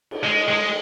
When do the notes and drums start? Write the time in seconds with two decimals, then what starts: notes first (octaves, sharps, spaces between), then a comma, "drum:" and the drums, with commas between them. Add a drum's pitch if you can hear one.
0.11 drum: cymbal
0.23 G#3
0.48 G#3